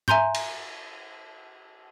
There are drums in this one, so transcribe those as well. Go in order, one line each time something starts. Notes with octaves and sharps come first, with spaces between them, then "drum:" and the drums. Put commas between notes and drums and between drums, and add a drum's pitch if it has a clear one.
E5 G#5 A#5 C6 G6, drum: tom
drum: cymbal